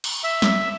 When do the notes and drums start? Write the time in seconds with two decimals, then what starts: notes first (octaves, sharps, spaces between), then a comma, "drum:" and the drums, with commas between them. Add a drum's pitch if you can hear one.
0.04 drum: cymbal
0.24 E5
0.42 drum: snare